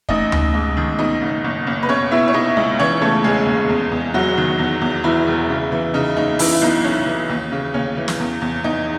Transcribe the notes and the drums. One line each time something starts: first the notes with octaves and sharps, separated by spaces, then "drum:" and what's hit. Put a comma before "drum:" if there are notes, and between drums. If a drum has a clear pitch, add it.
A1 D#4 D#5, drum: kick
A1, drum: tom D2
G#2
D#3
B2 D#4 D#5
F#1
F#1
F#1
B4
B2 C#4 C#5
B2 E4 E5
C#5
B2 D#4 D#5
C#2 D#4 D#5
E3 C#4 C#5
C#3 A3 A4
E1 G#3 G#4
D#2
E2
E2
E1 F#3 F#4
D#3
E2
E2
E1 E3 E4
E1
C#3
E3
C#3 D#4
F#1 D#4
E3 E4, drum: open hi-hat
E4
B1 D#4
B1 C#4
E3
D#2
C#3
D#2 C#4
E3
drum: snare
E2
E2
E2 D#4